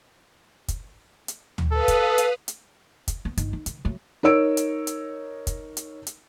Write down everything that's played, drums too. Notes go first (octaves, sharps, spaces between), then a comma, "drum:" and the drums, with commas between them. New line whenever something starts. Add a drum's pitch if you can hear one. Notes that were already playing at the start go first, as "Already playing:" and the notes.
drum: kick, hi-hat
drum: hi-hat
drum: tom D2
A4 B4 F5 D#6
drum: kick, hi-hat
drum: hi-hat
drum: hi-hat
drum: kick, hi-hat
B3
G1 D#3, drum: hi-hat
D#4
D#3, drum: hi-hat
F#3 A3
D#4 A#4 C#5 E6 D7
drum: hi-hat
drum: hi-hat
drum: kick, hi-hat
drum: hi-hat
drum: hi-hat